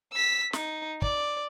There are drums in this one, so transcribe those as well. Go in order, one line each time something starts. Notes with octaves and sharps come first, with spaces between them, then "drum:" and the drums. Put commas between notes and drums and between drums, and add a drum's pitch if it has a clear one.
E6 B6
D#4, drum: snare
D5, drum: kick